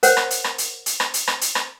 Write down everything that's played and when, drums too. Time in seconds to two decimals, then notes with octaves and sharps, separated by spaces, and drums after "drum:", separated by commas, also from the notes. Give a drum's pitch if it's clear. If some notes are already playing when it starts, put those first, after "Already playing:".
0.03 A#4 C5 C#5 F#5, drum: hi-hat
0.17 drum: rim click
0.30 drum: hi-hat
0.44 drum: rim click
0.58 drum: hi-hat
0.86 drum: hi-hat
1.00 drum: rim click
1.14 drum: hi-hat
1.27 drum: rim click
1.41 drum: hi-hat
1.55 drum: rim click